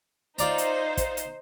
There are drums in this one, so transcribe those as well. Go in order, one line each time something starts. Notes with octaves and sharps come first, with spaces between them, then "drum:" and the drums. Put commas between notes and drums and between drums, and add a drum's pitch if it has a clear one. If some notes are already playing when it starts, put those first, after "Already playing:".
D#4 F4 C5 D5 A#5, drum: hi-hat
drum: hi-hat
drum: kick, hi-hat
drum: hi-hat